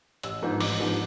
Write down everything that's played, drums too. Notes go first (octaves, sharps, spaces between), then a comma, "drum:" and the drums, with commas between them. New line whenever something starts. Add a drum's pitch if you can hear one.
A1 E6, drum: hi-hat
G#2 F3 B3 D4
A1 D6, drum: open hi-hat
G#2 F3 B3 D4